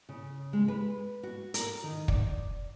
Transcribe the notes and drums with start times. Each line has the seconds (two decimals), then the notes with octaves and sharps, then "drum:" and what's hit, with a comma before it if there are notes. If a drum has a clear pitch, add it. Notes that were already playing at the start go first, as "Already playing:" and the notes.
0.09 C#3
0.53 G#3
0.68 B4
1.23 F#4
1.54 A#4, drum: hi-hat
1.84 D#3
2.08 D5, drum: kick